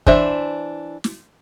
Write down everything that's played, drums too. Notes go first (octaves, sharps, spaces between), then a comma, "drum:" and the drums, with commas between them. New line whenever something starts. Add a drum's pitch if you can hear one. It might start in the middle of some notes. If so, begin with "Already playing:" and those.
E3 D4 C5 E5, drum: kick
drum: snare